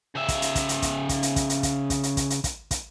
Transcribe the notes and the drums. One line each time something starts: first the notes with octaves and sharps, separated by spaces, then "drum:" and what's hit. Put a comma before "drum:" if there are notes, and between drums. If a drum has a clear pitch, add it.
C#3 E5
drum: kick, hi-hat
drum: hi-hat
drum: kick, hi-hat
drum: hi-hat
drum: kick, hi-hat
drum: kick, hi-hat
drum: hi-hat
drum: kick, hi-hat
drum: hi-hat
drum: kick, hi-hat
drum: kick, hi-hat
drum: hi-hat
drum: kick, hi-hat
drum: hi-hat
drum: kick, hi-hat
drum: kick, hi-hat